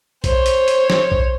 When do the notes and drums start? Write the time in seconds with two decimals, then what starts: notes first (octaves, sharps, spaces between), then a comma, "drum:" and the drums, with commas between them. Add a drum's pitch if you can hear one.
0.24 C5 C#5, drum: kick B1, hi-hat
0.46 drum: hi-hat
0.68 drum: hi-hat
0.90 drum: snare
1.12 drum: kick B1